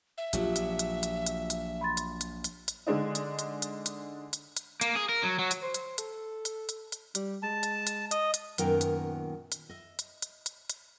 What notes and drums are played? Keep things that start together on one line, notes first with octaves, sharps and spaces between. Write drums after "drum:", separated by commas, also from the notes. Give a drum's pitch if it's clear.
E5
A#1 F#3 F4 G4, drum: hi-hat
drum: hi-hat
drum: hi-hat
drum: hi-hat
drum: hi-hat
drum: hi-hat
B5 C6 A6
drum: hi-hat
drum: hi-hat
drum: hi-hat
drum: hi-hat
D3 G#3 D4 D#4
drum: hi-hat
drum: hi-hat
drum: hi-hat
drum: hi-hat
drum: hi-hat
drum: hi-hat
A#3, drum: hi-hat
G#4
A#4
F#3
F#3
drum: hi-hat
C5
drum: hi-hat
A4, drum: hi-hat
drum: hi-hat
drum: hi-hat
drum: hi-hat
G3, drum: hi-hat
G#3 A5
drum: hi-hat
drum: hi-hat
D#5, drum: hi-hat
drum: hi-hat
F#2 A#2 D#3 B3 A#4 G5, drum: hi-hat
drum: hi-hat
drum: hi-hat
D#5 E5
drum: hi-hat
drum: hi-hat
drum: hi-hat
drum: hi-hat